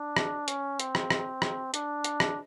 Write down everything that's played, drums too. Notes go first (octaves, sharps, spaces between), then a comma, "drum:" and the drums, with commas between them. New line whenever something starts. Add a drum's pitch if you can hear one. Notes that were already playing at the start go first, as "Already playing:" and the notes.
Already playing: D4
drum: rim click
C#4, drum: hi-hat
C4, drum: hi-hat
drum: rim click
drum: rim click
drum: rim click
D4, drum: hi-hat
drum: hi-hat
drum: rim click